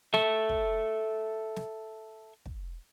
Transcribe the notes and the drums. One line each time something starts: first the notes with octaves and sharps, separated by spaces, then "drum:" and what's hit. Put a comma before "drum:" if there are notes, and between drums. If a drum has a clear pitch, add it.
A4 E5, drum: snare
drum: kick
drum: snare
drum: kick